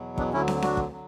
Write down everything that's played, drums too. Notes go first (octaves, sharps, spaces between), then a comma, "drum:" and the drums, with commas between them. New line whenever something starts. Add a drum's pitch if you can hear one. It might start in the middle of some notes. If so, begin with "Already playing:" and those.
Already playing: E2 B2 F#3
B3 D4, drum: kick
D2 D3 F#3 C#4 E4
drum: snare
D4 F#4, drum: snare
drum: kick
D3 F#3